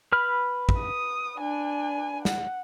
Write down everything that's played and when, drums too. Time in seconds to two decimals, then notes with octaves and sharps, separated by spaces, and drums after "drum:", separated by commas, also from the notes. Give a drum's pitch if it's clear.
0.12 B4 B5 F6
0.69 drum: kick
0.79 D#6
1.39 D4 G#5
2.25 F#5, drum: snare